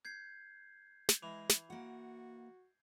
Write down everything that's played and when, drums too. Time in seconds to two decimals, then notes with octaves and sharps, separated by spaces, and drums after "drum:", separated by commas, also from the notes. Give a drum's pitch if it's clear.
0.05 G6 G#6 C7
1.09 drum: snare
1.23 E3 G#3
1.49 drum: snare
1.70 A#3 F#4 F#5